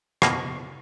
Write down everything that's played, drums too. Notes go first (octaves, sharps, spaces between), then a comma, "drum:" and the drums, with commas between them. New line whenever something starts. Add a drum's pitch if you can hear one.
F2 B2 A#3, drum: rim click